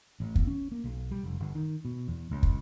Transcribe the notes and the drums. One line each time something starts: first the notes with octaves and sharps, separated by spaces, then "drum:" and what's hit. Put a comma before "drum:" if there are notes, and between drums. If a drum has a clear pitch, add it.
A1
E2, drum: kick
C#4
A#3
B1
G3
F1
G1
D#3
B2
E2
C#2
drum: kick